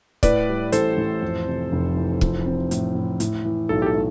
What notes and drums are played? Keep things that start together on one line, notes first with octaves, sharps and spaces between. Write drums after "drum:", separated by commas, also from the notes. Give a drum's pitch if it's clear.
A2 B4 D5, drum: kick, hi-hat
G3
A1 A4 C5, drum: hi-hat
A1
F2
C3
F1
E3
F3, drum: kick
C4
A2, drum: hi-hat
A2
A2, drum: hi-hat
E3
B1 A4
G4
A4
A3